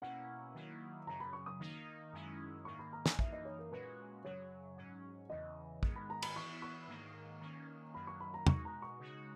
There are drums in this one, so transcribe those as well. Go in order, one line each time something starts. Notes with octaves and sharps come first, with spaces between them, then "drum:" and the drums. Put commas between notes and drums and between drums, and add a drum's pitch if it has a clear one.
B2 A#3 C#4 E4 F#5
D#3 F#3 A#3 E4
F#2 C#3 F#3 A#5
B5
C#6
D#6
D#3 A#3 D#4
F#2 D#3 G#3 C#4 E4
G#2 D#3 A#3 C#6
B5
A#5
G#5, drum: snare
F#2 E3 A#3 D#4 E5, drum: kick
D#5
C#5
A#4
A#2 G#3 C#4 F#4 B4
F#2 C#3 F#3 C#5
G#2 F#3 C#4
E2 C#3 E3 D#5
G#2 D#3 G#3 B3, drum: kick
B5
A#5
B5, drum: cymbal
E3 B3 E4 C#6
C#6
G#2 D#3 A#3
D#3 A#3 C#4
F#2 D#3 F#3 A#3 B5
C#6
B5
A#5
B2 G#3 D#4 F#4 C#6, drum: tom
A#5
C#6
C#3 G#3 D#4 F#4